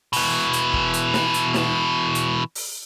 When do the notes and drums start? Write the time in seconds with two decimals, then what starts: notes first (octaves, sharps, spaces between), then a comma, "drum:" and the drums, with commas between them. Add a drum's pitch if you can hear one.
0.13 B2 E3, drum: open hi-hat
0.53 drum: hi-hat
0.73 drum: kick
0.94 drum: hi-hat
1.14 drum: snare
1.34 drum: hi-hat
1.54 drum: snare
2.15 drum: hi-hat
2.55 drum: open hi-hat